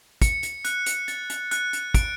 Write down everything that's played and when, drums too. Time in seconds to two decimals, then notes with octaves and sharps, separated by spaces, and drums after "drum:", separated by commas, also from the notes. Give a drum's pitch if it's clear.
0.22 C#7, drum: kick, hi-hat
0.43 drum: hi-hat
0.65 F#6, drum: hi-hat
0.86 drum: hi-hat
1.08 A6, drum: hi-hat
1.30 drum: hi-hat
1.51 F#6, drum: hi-hat
1.73 drum: hi-hat
1.94 D7, drum: kick, hi-hat